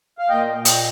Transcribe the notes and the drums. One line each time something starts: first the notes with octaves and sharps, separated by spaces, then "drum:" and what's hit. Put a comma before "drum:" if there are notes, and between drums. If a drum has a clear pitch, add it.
F5
A#2 D#5 G5
A#2
D#5 G5, drum: hi-hat